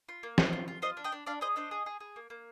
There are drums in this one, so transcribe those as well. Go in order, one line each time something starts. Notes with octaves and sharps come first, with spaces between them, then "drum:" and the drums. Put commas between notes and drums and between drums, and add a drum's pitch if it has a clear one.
F4
A#3
G#4 C5, drum: snare
F4
F4
F4 C5 D#5
D4
D#5 G5
D4
D4 D5 F5
G#4 C5 D#5
D4 C5 D#5
G#4
G#4
G#4
A#3
A#3